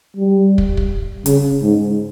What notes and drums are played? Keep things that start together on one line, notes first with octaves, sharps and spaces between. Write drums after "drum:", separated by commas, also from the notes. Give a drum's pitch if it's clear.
G3
drum: kick
drum: kick
C#3, drum: hi-hat
G#2